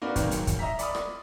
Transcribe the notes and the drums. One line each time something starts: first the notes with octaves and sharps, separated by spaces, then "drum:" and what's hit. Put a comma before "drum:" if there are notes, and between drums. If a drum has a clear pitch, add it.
A#3 D#4 F#4 B4 D5
G#2 D#3 F#3 A#3, drum: kick, hi-hat
drum: hi-hat
drum: kick, hi-hat
D#5 E5 A#5 B6
D5 B5 D#6, drum: hi-hat
drum: rim click